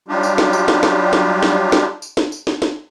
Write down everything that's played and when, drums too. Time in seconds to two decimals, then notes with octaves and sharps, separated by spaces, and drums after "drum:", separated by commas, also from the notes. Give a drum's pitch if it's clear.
0.08 F#3 G3 D4 D#4 F4 G4
0.23 drum: tambourine
0.38 drum: snare
0.53 drum: tambourine
0.68 drum: snare
0.83 drum: snare
1.13 drum: snare
1.43 drum: snare
1.72 drum: snare
2.02 drum: tambourine
2.17 drum: snare
2.32 drum: tambourine
2.47 drum: snare
2.62 drum: snare